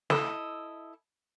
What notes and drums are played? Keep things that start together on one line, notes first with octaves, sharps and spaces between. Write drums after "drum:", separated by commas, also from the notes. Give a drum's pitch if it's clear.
E4 A4 D#5, drum: snare